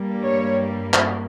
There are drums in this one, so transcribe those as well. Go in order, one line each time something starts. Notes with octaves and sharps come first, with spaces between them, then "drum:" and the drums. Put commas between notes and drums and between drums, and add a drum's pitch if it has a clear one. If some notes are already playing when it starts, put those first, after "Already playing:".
Already playing: G2 G3 A#3
C#5
drum: clap